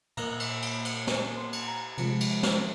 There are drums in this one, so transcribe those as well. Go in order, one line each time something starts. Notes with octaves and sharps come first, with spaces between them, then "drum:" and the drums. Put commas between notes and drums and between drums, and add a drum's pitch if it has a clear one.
A#2 A#3 A#5, drum: cymbal
drum: cymbal
drum: cymbal
drum: cymbal
G#5, drum: snare
C6
drum: cymbal
A#5
C3 F3 G#3, drum: cymbal
drum: cymbal
drum: snare